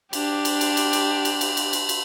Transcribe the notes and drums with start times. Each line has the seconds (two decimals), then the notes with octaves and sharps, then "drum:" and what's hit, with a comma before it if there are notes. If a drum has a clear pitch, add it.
0.13 D4 G4, drum: cymbal
0.45 drum: cymbal
0.61 drum: cymbal
0.77 drum: cymbal
0.93 drum: cymbal
1.25 drum: cymbal
1.41 drum: cymbal
1.57 drum: cymbal
1.73 drum: cymbal
1.89 drum: cymbal